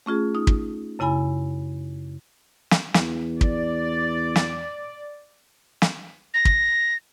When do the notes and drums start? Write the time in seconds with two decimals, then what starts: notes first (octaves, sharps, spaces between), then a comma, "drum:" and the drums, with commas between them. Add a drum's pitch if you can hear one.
0.06 A3 C#4 F4 G#4
0.35 D#4 F4 D#6
0.47 drum: kick
0.99 F#2 C#3 E4 G#5 B5
2.71 drum: snare
2.94 E2, drum: snare
3.41 D5, drum: kick
4.36 drum: snare
5.82 drum: snare
6.34 A#6
6.45 drum: kick